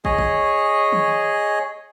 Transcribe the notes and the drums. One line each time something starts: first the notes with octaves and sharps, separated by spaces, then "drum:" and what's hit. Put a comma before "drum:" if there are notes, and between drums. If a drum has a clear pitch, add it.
G#4 C#5 D#5, drum: kick
drum: kick
drum: tom D#3